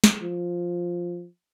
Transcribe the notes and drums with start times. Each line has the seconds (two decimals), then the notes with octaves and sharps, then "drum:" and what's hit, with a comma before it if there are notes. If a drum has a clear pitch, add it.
0.04 drum: snare
0.22 F3